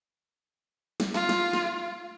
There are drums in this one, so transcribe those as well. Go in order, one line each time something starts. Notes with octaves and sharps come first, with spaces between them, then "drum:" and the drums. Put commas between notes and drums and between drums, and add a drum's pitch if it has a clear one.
drum: snare
F4, drum: snare
drum: snare
drum: snare